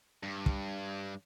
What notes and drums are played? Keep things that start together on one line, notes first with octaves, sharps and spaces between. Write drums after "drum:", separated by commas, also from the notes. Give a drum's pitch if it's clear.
G2
drum: kick